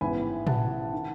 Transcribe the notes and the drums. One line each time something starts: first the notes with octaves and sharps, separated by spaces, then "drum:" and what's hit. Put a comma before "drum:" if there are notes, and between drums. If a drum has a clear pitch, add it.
A1 G#2 E3 B3 G#5 B5
F#5 A5, drum: tom
D#3